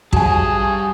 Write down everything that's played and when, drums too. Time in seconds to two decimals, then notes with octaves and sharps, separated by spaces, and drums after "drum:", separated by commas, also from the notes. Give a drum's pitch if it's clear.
0.13 A#1 F#3 G3 G#4 G#5 A5, drum: kick